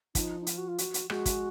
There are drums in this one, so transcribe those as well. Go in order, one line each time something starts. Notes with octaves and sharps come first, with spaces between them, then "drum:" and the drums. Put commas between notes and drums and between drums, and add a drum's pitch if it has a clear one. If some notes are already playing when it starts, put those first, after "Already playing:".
F3 D#4, drum: kick, hi-hat
D#4
F4, drum: hi-hat
F#4
F4
F#4, drum: hi-hat
drum: hi-hat
G#3 F#4, drum: rim click
G#3, drum: kick, hi-hat